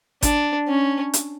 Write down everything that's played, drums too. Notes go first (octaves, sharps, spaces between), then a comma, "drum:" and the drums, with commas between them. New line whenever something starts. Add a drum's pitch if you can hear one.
D4, drum: kick G#1, hi-hat
C#4
drum: hi-hat